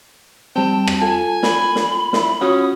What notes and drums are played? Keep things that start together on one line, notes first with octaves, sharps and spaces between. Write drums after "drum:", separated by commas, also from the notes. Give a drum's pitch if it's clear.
G3 C4 G5 A5
drum: rim click
F4 A4 G#5
B5, drum: snare
drum: snare
E4, drum: snare
C#4 F4 F#4 F#5 D#6